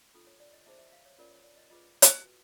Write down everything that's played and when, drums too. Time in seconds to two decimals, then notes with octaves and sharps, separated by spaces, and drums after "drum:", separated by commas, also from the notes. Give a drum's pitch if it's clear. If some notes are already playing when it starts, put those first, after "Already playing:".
0.14 D4 F4 A4
0.27 C#5
0.40 D5
0.53 D#5
0.66 D#4 G#4 C5 E5
0.79 E5
0.92 F5
1.06 C#5
1.18 C#4 F4 A#4 D5
1.32 C#5
1.44 D5
1.57 D#5
1.70 F4 G#4 B4 D#5
2.02 drum: hi-hat
2.23 F#4 B4